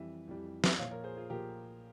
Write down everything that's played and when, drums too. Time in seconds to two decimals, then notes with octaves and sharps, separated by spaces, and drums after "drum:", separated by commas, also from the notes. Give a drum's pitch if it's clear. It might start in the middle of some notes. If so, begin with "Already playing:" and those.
Already playing: F2 E3 G3 E5
0.28 F2 E3 G3
0.64 drum: snare
0.78 A#2 F3 C#5 F5
0.91 A#4 C#5
1.04 G#4 C5
1.17 F4 G#4
1.30 A#2 F3 G4 A#4